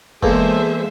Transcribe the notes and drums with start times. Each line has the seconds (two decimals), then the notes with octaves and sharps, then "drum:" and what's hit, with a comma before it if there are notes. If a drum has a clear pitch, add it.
0.23 E2 G#3 A#3 A4 C5 E5, drum: kick